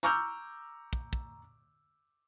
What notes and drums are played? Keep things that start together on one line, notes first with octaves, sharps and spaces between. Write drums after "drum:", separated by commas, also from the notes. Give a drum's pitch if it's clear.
A#5 C#6 D6 E6 F6 G6, drum: hi-hat
drum: kick
drum: kick